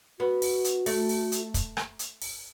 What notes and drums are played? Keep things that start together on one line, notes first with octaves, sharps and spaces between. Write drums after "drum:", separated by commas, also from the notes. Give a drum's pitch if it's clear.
B3 F#4
drum: open hi-hat
drum: hi-hat
A3, drum: open hi-hat
drum: open hi-hat
drum: hi-hat
drum: kick, hi-hat
drum: rim click
drum: hi-hat
drum: open hi-hat